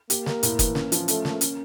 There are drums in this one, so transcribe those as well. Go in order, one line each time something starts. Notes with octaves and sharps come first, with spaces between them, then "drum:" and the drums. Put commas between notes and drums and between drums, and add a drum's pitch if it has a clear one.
A#3 G4, drum: hi-hat
A#4, drum: snare
A2, drum: hi-hat
E3, drum: kick F#1, hi-hat
C#4, drum: snare
F3, drum: hi-hat
A3 C#4, drum: hi-hat
A#3, drum: snare
C#4, drum: hi-hat